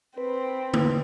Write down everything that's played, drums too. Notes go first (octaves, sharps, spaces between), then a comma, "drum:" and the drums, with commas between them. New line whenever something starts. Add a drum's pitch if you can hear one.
C4 B4
drum: tom D3